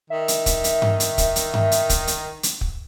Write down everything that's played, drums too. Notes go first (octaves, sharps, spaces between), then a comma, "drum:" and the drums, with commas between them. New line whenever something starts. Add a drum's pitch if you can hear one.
D#3 E5
drum: hi-hat
drum: kick, hi-hat
drum: hi-hat
drum: tom G2
drum: hi-hat
drum: kick, hi-hat
drum: hi-hat
drum: tom G2
drum: hi-hat
drum: kick, hi-hat
drum: hi-hat
drum: hi-hat
drum: kick